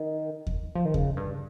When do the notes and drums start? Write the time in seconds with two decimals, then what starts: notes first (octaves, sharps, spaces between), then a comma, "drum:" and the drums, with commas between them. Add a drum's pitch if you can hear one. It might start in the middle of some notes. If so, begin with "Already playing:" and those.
Already playing: D#3
0.47 drum: kick D#2
0.75 F3
0.85 D#3
0.94 C#3, drum: kick D#2
1.17 G2